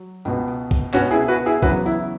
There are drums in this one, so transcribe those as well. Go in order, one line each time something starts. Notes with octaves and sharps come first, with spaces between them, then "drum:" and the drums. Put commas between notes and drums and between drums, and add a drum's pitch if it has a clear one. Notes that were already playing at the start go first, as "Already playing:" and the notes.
Already playing: F#3
C#2 B2 B3, drum: tambourine
drum: tambourine
drum: kick, tambourine
C#2 B2 B3 C#4 F#4, drum: clap
E4 G#4
F#4 B4
E4 G#4
E2 C#3 F#3 B3 F#4 B4, drum: kick, tambourine
E4, drum: tambourine